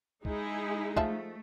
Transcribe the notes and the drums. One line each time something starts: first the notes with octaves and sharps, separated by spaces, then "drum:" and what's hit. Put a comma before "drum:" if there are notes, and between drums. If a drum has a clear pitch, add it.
G#3 D#4 E4 G#4, drum: kick
F3 A3 E5 A5, drum: kick